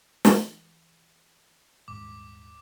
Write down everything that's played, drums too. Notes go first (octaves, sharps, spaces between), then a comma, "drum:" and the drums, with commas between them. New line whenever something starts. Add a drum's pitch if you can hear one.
E3, drum: snare
D#1 G#2 G#3 D6